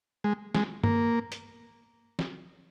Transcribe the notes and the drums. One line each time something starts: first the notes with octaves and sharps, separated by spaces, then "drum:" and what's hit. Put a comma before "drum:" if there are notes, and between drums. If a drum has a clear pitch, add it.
G#3
G#3, drum: snare
A#3, drum: tom G2
drum: hi-hat
drum: snare